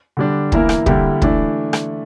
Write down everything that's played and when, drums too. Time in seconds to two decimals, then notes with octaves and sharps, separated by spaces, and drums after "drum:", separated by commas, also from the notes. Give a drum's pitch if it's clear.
0.17 D3 G3 D4
0.52 E2 E3 A#3 E4 A#4, drum: kick
0.69 drum: rim click
0.86 D3 G3 A#3 E4 G4, drum: kick
1.22 E3 A3 D4, drum: kick
1.73 drum: rim click